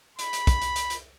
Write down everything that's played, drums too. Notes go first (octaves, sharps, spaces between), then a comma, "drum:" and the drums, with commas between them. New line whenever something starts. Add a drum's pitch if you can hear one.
B5, drum: hi-hat
drum: hi-hat
drum: kick, hi-hat
drum: hi-hat
drum: hi-hat
drum: hi-hat